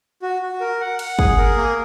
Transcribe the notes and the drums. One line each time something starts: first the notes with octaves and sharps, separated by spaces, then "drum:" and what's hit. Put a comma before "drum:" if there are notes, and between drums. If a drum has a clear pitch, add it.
F#4
F#4
A#4
F#5
F#5, drum: cymbal
G#4, drum: kick
A#4
A#3